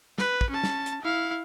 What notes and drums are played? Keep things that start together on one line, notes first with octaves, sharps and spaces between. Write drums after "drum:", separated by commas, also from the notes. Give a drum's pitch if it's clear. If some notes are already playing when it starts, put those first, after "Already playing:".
B4, drum: snare
drum: kick
C#4 A5
drum: snare
drum: hi-hat
E4 F5